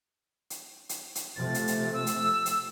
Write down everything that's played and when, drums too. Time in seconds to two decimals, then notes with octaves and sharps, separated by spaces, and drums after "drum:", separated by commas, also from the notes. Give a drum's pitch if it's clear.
0.50 drum: hi-hat
0.89 drum: hi-hat
1.15 drum: hi-hat
1.36 C3 F3 A3 A6
1.54 drum: hi-hat
1.67 drum: hi-hat
1.94 E6
2.07 drum: hi-hat
2.46 drum: hi-hat